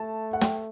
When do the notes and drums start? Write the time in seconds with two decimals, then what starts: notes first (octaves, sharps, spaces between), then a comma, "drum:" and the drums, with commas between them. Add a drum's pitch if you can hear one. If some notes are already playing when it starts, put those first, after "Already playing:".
Already playing: A3 A5
0.33 F#5
0.41 G5, drum: snare